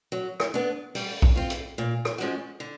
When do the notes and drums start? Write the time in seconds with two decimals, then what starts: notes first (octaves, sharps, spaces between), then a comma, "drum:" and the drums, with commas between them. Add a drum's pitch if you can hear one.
0.12 F#3
0.40 drum: rim click
0.54 B3 D4
0.95 G3, drum: open hi-hat
1.22 drum: kick A#1
1.36 C4 F4
1.50 drum: hi-hat
1.78 A#2
2.05 drum: rim click
2.18 F3 G#3 C#4 F#4
2.60 D3